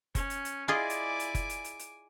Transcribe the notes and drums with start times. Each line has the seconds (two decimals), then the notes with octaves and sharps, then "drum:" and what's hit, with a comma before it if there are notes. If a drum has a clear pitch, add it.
0.15 C#4, drum: kick F#1, hi-hat
0.30 drum: hi-hat
0.45 drum: hi-hat
0.68 E4 F4 G#4 D5 D#5 G#5 D6
0.90 drum: hi-hat
1.20 drum: hi-hat
1.35 drum: kick F#1, hi-hat
1.50 drum: hi-hat
1.64 drum: hi-hat
1.79 drum: hi-hat